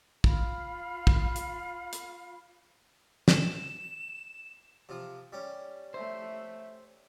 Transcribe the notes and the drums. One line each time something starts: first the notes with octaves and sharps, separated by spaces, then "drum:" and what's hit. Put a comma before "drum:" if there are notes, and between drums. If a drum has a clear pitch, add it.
F4 F5 B5, drum: kick
drum: kick
drum: hi-hat
drum: hi-hat
E7, drum: snare
C3 F3
G3 C#4
A3 C5 E5